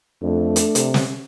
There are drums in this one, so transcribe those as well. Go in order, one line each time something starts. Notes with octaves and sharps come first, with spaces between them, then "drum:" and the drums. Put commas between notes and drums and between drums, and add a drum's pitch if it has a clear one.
F2 A3 D4
drum: hi-hat
C3, drum: hi-hat
drum: snare